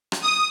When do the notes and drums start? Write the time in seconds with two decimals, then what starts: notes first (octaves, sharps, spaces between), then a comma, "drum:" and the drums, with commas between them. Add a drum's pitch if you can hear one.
0.12 drum: rim click
0.22 D#6